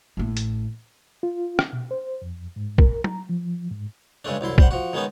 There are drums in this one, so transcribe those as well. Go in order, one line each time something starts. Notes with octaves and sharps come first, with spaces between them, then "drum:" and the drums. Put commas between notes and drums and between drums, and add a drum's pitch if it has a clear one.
A1 A2
drum: hi-hat
F4
drum: rim click
B2
C5
F2
G#2
A#4, drum: kick
A#5, drum: tom
F3
G#2
G2 C#3 G#3 A3 D4
C2 F#2 E4 C6
G3 C5 F#5, drum: kick
F3 F#4
D#3 G#3 B3 C#4 D#4